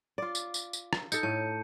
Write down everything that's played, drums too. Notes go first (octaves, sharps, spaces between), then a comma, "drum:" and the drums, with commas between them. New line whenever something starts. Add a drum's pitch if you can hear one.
F4 D5
drum: tambourine
drum: tambourine
drum: tambourine
drum: rim click
D#4 A4 G6 C#7, drum: tambourine
A2 A5